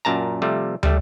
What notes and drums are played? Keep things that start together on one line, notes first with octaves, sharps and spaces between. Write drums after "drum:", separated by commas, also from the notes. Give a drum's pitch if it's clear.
F#2 A#2 A5 A#5
C3 F3 G3 A3
G3 A3, drum: tom